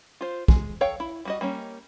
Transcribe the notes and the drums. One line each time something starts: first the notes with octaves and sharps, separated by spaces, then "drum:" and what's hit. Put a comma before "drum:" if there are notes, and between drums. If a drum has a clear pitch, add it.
F4 C5
G#3, drum: kick
A4 C#5 F5 G5
E4
G3 F#4 D#5
G3 A#3 C#4